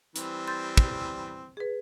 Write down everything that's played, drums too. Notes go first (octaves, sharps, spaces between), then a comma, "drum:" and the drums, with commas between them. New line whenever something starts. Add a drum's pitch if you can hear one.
E3 G3 C4, drum: hi-hat
C6 G6 A6
drum: kick
G#4 B4